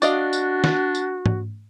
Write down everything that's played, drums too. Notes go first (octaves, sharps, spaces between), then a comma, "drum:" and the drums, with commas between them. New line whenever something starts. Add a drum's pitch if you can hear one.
D4 F#4 D5 D#5 F5, drum: tambourine
drum: tambourine
drum: snare
drum: tambourine
drum: tom G#2